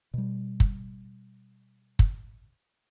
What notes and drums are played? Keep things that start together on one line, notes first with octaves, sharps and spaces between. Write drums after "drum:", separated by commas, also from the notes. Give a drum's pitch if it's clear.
B2 G3
drum: kick
drum: kick